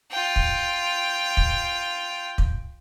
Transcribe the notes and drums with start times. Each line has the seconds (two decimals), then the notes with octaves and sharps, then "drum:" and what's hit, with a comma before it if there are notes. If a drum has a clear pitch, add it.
0.11 F4 G5
0.36 drum: kick
1.37 drum: kick
2.38 drum: kick